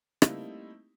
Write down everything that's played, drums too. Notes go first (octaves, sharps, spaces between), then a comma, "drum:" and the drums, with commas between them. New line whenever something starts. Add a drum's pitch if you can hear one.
G3 A3 A#3 C4 D#4 E4, drum: rim click